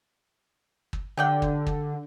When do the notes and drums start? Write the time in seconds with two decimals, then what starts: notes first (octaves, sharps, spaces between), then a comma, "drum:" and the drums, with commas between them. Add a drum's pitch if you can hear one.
0.93 drum: kick
1.17 D3 G4 D5 G5
1.42 drum: kick
1.67 drum: kick